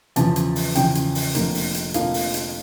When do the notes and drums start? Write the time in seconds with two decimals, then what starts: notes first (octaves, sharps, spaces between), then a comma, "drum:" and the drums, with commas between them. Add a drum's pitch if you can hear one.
0.16 E2 C#3 F3 A5, drum: hi-hat
0.36 drum: hi-hat
0.56 drum: open hi-hat
0.75 E2 C#3 F3 G5, drum: hi-hat
0.95 drum: hi-hat
1.15 drum: open hi-hat
1.35 F1 F2 D3 F3 A#3, drum: hi-hat
1.55 drum: open hi-hat
1.74 drum: hi-hat
1.94 F1 F2 D3 F3 A#3 F5, drum: hi-hat
2.14 drum: open hi-hat
2.34 drum: hi-hat